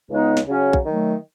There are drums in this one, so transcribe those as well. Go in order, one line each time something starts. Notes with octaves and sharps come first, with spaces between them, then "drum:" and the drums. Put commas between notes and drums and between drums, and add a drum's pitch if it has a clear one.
C#2 C#3 G#3 B3 D#4
drum: snare
C#3 F#3 C#4
drum: kick
D#3 F#3 A3